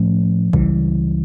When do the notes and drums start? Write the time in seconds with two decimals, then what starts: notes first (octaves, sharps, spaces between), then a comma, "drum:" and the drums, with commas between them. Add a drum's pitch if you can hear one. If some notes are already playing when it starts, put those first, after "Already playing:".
Already playing: A2 F3 A3 C#4
0.53 C#2 C#3 E3 G3, drum: kick